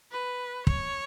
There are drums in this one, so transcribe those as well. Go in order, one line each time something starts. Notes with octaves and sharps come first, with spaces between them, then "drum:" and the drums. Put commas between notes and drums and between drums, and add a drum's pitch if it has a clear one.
B4
C#5, drum: kick